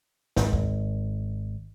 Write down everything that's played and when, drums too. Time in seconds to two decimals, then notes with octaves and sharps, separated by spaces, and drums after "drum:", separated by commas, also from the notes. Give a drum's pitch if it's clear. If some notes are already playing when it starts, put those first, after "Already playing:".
0.36 G#1, drum: snare
0.53 drum: kick